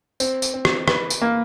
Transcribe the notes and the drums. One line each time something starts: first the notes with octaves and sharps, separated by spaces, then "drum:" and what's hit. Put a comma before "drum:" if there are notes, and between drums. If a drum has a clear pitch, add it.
C4, drum: tambourine
drum: tambourine
C4
drum: rim click
B4, drum: rim click
drum: tambourine
A#3